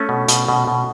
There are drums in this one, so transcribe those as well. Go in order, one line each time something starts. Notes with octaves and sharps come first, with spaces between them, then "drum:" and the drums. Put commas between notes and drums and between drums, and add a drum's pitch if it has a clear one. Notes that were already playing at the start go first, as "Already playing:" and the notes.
Already playing: A3 C#4
B2
B2, drum: hi-hat
B2
B2